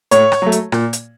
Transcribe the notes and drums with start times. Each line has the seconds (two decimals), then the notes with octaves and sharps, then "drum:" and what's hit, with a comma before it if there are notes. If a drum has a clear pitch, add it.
0.11 A2 C#5, drum: hi-hat
0.32 drum: rim click
0.42 F#3 A3
0.52 drum: hi-hat
0.72 A#2, drum: rim click
0.93 drum: hi-hat